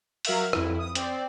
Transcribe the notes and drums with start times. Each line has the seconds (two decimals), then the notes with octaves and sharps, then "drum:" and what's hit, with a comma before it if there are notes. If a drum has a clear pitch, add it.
0.25 F#3 A#4 E5 F5, drum: open hi-hat
0.53 F2 E4, drum: rim click
0.79 D#6
0.95 C4 D5, drum: hi-hat